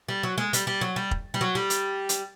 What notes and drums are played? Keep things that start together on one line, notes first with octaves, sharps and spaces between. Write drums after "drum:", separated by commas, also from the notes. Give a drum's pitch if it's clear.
G3
F#3
G#3
G3, drum: hi-hat
G3
F#3
G3
drum: kick
G3
F#3
G3
drum: hi-hat
drum: hi-hat